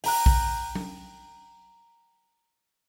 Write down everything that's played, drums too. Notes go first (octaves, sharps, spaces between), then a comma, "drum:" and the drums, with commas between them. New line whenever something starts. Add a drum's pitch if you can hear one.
G5 A#5 F#6, drum: open hi-hat
drum: kick A#1
drum: tom F#3